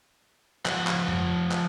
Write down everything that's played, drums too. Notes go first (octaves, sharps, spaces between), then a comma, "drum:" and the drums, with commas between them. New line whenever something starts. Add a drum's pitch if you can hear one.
F3 F#5, drum: clap
drum: clap
drum: tom F2
drum: clap